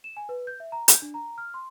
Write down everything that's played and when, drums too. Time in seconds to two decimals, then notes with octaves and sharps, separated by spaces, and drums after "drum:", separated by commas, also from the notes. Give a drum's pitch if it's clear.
0.04 E7
0.17 G#5
0.29 B4
0.47 G6
0.60 E5
0.72 A#5
0.88 G6, drum: hi-hat
1.02 D4
1.14 A#5
1.38 F6
1.54 C6